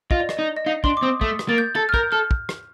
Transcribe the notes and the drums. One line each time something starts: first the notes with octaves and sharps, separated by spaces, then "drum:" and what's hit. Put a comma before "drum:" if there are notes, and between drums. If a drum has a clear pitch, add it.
F4 D#5, drum: kick
D5
D#5, drum: rim click
D#4
D#5
D#4 F5
D4 C6, drum: kick
D6
C4 D#6
A3 D#6, drum: kick
drum: rim click
A#3 A6
G6
A4 A6
F6
A#4 G6, drum: kick
A4 F6
drum: kick
drum: rim click